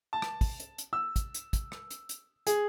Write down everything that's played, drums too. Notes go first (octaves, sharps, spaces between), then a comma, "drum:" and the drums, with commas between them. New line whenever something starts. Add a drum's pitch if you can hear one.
A5
drum: rim click
drum: kick, open hi-hat
drum: hi-hat
drum: hi-hat
E6
drum: kick, hi-hat
drum: hi-hat
drum: kick, hi-hat
drum: rim click
drum: hi-hat
drum: hi-hat
G#4, drum: hi-hat